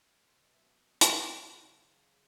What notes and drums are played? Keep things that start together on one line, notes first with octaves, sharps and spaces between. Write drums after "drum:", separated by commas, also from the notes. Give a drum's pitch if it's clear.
B2 F#3 C5
E5
D#5
drum: hi-hat
D5
C#3 F#3 C5
C5